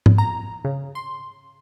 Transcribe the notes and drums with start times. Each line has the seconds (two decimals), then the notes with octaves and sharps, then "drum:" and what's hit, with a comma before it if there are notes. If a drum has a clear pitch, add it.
0.06 drum: tom G#2
0.18 A#5
0.65 C#3
0.95 C6